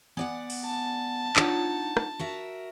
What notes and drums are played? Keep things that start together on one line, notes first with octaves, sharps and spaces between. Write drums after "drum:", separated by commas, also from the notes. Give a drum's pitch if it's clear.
B3 D5 F#5 G#5
drum: open hi-hat
A5
D4 D#4 F4 C#5 F#5, drum: clap
drum: rim click
F#4 A#4 E5